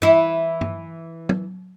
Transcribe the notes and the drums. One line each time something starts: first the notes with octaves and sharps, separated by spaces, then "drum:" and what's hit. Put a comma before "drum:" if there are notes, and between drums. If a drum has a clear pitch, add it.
E3 E4
drum: tom
drum: tom